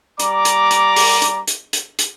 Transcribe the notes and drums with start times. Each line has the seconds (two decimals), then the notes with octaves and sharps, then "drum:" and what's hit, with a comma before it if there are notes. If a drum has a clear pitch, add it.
0.19 G3 D5 A#5 D6, drum: hi-hat
0.45 drum: hi-hat
0.71 drum: hi-hat
0.96 drum: open hi-hat
1.22 drum: hi-hat
1.47 drum: hi-hat
1.73 drum: hi-hat
1.99 drum: hi-hat